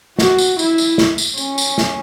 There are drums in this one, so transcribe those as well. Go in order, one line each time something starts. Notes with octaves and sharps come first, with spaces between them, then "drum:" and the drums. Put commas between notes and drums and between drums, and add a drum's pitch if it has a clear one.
F#4, drum: snare
drum: tambourine
E4, drum: tambourine
drum: tambourine
drum: snare
drum: tambourine
C#4, drum: tambourine
drum: tambourine
drum: snare